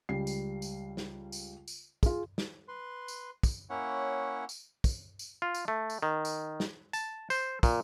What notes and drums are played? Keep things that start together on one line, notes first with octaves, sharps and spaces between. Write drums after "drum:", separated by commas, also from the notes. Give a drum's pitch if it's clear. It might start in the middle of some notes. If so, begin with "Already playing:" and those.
C#2 G3 C7
drum: tambourine
drum: tambourine
drum: snare
drum: tambourine
drum: tambourine
F4 G#4, drum: kick, tambourine
drum: snare
B4 C6
drum: tambourine
drum: kick, tambourine
A#3 C#4 E4 C#5 F#5
drum: tambourine
drum: kick, tambourine
drum: tambourine
F4
drum: tambourine
A3
drum: tambourine
D#3
drum: tambourine
drum: snare
A5, drum: tambourine
C5, drum: tambourine
A#2, drum: kick, tambourine